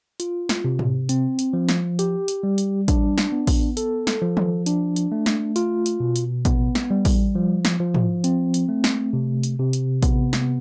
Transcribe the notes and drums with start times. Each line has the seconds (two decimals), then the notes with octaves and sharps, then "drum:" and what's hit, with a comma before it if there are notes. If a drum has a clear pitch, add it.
0.20 F4, drum: hi-hat
0.49 drum: snare
0.64 C3
0.79 drum: tom
1.09 C4, drum: hi-hat
1.39 drum: hi-hat
1.53 F3
1.69 drum: snare
1.99 G4, drum: hi-hat
2.28 drum: hi-hat
2.43 G3
2.58 drum: hi-hat
2.88 D4, drum: kick A1, hi-hat
3.18 drum: snare
3.32 B3
3.47 drum: kick A1, open hi-hat
3.77 A4, drum: hi-hat
4.07 drum: snare
4.22 F3
4.37 drum: tom D#3
4.66 D4, drum: hi-hat
4.96 drum: hi-hat
5.12 A3
5.26 drum: snare
5.56 F4, drum: hi-hat
5.86 drum: hi-hat
6.00 B2
6.16 drum: hi-hat
6.45 B3, drum: kick A1, hi-hat
6.75 drum: snare
6.90 G3
7.05 drum: kick A1, open hi-hat
7.35 F3
7.65 drum: snare
7.80 F3
7.94 drum: tom
8.24 C4, drum: hi-hat
8.54 drum: hi-hat
8.69 A3
8.84 drum: snare
9.13 C3
9.44 drum: hi-hat
9.59 C3
9.73 drum: hi-hat
10.03 B3, drum: kick A1, hi-hat
10.33 drum: snare